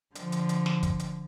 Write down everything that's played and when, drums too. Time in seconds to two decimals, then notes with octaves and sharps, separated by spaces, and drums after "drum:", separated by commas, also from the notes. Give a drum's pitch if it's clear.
0.15 D3 F3, drum: hi-hat
0.32 drum: hi-hat
0.49 drum: hi-hat
0.66 drum: snare
0.83 drum: kick, hi-hat
0.99 drum: hi-hat